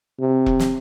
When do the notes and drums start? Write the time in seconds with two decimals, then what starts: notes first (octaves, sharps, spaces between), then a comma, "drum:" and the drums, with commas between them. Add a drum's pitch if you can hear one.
0.20 C3
0.46 drum: kick E1
0.60 drum: snare